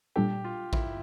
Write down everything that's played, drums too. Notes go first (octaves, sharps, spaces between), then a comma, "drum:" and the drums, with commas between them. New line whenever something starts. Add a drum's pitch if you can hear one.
A#2 G3 D4 G4 A4
F4
E4, drum: kick A1